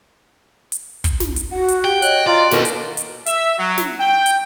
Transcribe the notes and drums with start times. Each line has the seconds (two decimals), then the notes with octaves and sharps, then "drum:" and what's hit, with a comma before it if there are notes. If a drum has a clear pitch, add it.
0.72 drum: hi-hat
1.04 drum: kick, hi-hat
1.20 drum: snare
1.36 drum: hi-hat
1.51 F#4 F#5
1.68 drum: hi-hat
1.85 G4 G5
2.02 C#5 D#5 F#6, drum: hi-hat
2.27 F4 D5 A#5
2.51 D#2 B2 A4 A#4, drum: snare
2.65 drum: hi-hat
2.97 drum: hi-hat
3.26 E5, drum: hi-hat
3.58 F#3
3.78 drum: snare
3.99 G5
4.26 drum: hi-hat